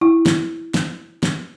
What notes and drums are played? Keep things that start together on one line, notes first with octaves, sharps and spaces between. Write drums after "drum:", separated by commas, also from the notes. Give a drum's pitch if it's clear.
E4
drum: snare
drum: snare
drum: snare